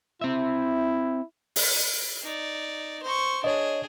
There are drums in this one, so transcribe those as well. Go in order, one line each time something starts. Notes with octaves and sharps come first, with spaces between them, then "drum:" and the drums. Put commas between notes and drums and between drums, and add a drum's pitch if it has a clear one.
C4 E4 E5
drum: open hi-hat
D#4 D5
C5 C#6
D4 G#4 C#5 D#5